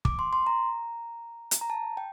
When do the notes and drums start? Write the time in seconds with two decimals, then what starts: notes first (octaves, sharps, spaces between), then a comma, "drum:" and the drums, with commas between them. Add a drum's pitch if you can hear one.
0.05 D6, drum: kick
0.19 C6
0.33 C6
0.47 A#5
1.51 drum: hi-hat
1.61 A#5
1.70 A5
1.97 G5